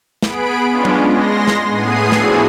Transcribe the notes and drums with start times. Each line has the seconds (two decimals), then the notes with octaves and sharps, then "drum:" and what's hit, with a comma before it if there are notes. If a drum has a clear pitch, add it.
0.22 B3 G#4 B5 D7, drum: snare
0.70 G#3 B3 C#4 D4 F4
0.85 drum: tom F#3
1.08 G#3 C6 A#6
1.48 drum: snare
1.68 A2 B3 G#4 C7 D#7
2.12 F3 D4 E4 F#4 G#4 A4, drum: snare